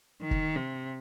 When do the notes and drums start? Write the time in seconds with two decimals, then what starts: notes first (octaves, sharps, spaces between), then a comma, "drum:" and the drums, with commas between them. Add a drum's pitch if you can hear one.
0.22 D#3
0.31 drum: kick
0.56 C3